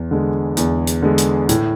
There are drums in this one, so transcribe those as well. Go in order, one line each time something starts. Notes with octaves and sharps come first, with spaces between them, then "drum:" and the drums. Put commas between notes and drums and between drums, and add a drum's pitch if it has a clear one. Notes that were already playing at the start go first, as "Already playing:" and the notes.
Already playing: E2
D3 G#3
E2, drum: hi-hat
drum: hi-hat
D3 G#3
drum: hi-hat
A2, drum: hi-hat